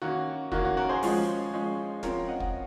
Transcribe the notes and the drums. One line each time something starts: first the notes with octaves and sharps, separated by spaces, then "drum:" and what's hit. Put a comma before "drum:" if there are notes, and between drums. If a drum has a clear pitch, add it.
D#3 A#3 C#4 F#4
D#3 A#3 C#4 F#4, drum: kick
F#4
F#4 A#4
G#4 C5
F3 G#3 C#4, drum: open hi-hat
F3 G#3 C#4
F3 C4 A#4 C#5, drum: snare
D#5 F#5
drum: kick